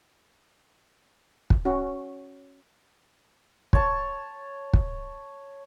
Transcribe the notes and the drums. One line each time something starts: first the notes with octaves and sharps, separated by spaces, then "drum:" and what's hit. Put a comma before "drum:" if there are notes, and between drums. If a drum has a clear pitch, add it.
drum: kick
C#4 F#4
C#5 A5, drum: kick
drum: kick